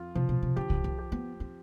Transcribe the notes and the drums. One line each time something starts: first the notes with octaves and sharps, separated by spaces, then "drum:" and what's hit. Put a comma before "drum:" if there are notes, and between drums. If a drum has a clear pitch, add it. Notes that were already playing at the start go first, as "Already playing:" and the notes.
Already playing: F2 F4
C3 F3
B2
C3
D3 G4
drum: kick C2
D#3
G4
B3
C4